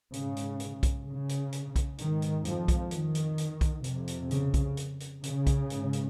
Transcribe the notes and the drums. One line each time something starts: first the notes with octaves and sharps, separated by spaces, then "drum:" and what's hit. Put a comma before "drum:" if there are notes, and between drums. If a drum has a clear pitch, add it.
G#2 C#3, drum: hi-hat
drum: hi-hat
drum: hi-hat
drum: kick B1, hi-hat
C#3
drum: hi-hat
drum: hi-hat
drum: kick B1, hi-hat
G#2 D#3, drum: hi-hat
drum: hi-hat
F2 F3, drum: hi-hat
drum: kick B1, hi-hat
D#3, drum: hi-hat
drum: hi-hat
drum: hi-hat
drum: kick B1, hi-hat
F2 C3, drum: hi-hat
drum: hi-hat
C#3, drum: hi-hat
drum: kick B1, hi-hat
drum: hi-hat
drum: hi-hat
C#3, drum: hi-hat
drum: kick B1, hi-hat
G#2, drum: hi-hat
drum: hi-hat